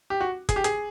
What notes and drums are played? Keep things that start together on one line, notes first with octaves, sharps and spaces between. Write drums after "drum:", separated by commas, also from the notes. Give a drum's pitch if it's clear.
G4
F#4
G#4, drum: kick, hi-hat
G4
G#4, drum: hi-hat